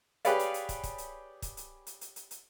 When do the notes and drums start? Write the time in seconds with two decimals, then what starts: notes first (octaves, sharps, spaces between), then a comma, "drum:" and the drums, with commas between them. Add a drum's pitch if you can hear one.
0.25 G4 G#4 B4 C#5 D5 F5, drum: hi-hat
0.39 drum: hi-hat
0.54 drum: hi-hat
0.69 drum: kick, hi-hat
0.84 drum: kick, hi-hat
0.98 drum: hi-hat
1.42 drum: kick, hi-hat
1.57 drum: hi-hat
1.87 drum: hi-hat
2.01 drum: hi-hat
2.16 drum: hi-hat
2.31 drum: hi-hat